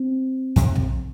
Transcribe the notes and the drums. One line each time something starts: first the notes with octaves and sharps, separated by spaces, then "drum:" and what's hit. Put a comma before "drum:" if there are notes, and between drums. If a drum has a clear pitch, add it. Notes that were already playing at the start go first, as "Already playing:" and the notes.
Already playing: C4
F2 C3, drum: hi-hat
drum: tom B1